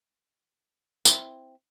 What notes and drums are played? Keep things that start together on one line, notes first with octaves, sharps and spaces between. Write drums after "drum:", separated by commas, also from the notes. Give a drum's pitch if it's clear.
C4 E4, drum: tambourine